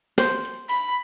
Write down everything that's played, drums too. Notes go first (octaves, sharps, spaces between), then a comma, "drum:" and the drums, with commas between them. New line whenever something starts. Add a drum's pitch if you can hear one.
C5, drum: snare
drum: hi-hat
B5, drum: hi-hat